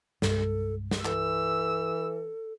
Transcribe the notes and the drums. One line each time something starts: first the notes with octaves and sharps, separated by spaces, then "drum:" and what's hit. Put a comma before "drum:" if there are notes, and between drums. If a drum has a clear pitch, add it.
C2 G2 G#3 A4, drum: snare
drum: snare
E3 A4 E6, drum: clap